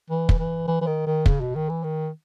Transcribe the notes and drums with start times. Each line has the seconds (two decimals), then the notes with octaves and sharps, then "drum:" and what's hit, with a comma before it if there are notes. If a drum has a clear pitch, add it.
0.10 E3
0.29 drum: kick
0.38 E3
0.68 E3
0.81 E3
0.86 D#3
1.06 D#3
1.26 C#3, drum: kick
1.40 B2
1.55 D#3
1.69 E3
1.83 D#3